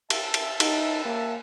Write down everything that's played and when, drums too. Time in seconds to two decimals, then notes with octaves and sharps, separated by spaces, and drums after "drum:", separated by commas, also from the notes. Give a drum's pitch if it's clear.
0.10 E5 A5, drum: cymbal
0.34 drum: cymbal
0.60 D#4, drum: cymbal
1.05 A#3